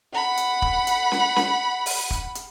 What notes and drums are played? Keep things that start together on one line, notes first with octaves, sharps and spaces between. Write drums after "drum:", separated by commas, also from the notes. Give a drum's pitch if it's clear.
F#5 B5
drum: hi-hat
drum: kick
drum: hi-hat
drum: snare C#4
drum: snare C#4
drum: open hi-hat
drum: kick
drum: hi-hat